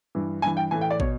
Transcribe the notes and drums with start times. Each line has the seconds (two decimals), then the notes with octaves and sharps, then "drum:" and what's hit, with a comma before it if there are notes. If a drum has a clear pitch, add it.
0.15 G2 E3
0.42 G2 E3 G#5
0.57 G5
0.71 A2 E3 G#5
0.81 G5
0.91 D5
1.00 B2 C#5, drum: kick